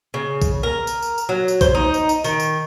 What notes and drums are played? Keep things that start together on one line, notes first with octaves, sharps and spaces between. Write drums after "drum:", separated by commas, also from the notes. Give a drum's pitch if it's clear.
C#3
drum: kick B1, tambourine
A#4
drum: tambourine
drum: tambourine
drum: tambourine
F#3
drum: tambourine
C5, drum: kick B1, tambourine
D#4
drum: tambourine
drum: tambourine
D#3, drum: tambourine
drum: tambourine